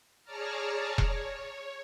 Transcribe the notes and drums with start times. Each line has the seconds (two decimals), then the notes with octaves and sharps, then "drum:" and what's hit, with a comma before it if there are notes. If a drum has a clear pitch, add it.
0.23 G#4 C#5 D5 A5 A#5 F6
0.98 C#5, drum: kick E1